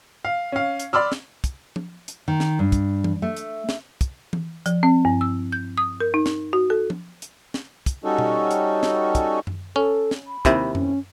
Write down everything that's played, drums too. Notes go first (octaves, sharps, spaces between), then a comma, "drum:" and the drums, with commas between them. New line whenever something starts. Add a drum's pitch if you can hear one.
F5
C#4 F5
drum: hi-hat
D5 B5 C6 D6 E6 F6
drum: snare
drum: kick, hi-hat
drum: tom F3
drum: hi-hat
D#3
drum: snare
G2
drum: kick, hi-hat
drum: tom E3
A3
drum: hi-hat
drum: snare
drum: kick, hi-hat
drum: tom E3
F3, drum: hi-hat
C4
G2
E6
G6
D#6
A#4
D#4
drum: snare
F#4
A4
drum: tom F3
drum: hi-hat
drum: snare
drum: kick, hi-hat
G3 C#4 D#4 F#4 A4
drum: tom B2
drum: hi-hat
drum: snare
drum: kick, hi-hat
drum: tom F#2
C#4 A4
drum: snare
B5
D#2 C3 E4, drum: kick, hi-hat
C#4, drum: tom F#2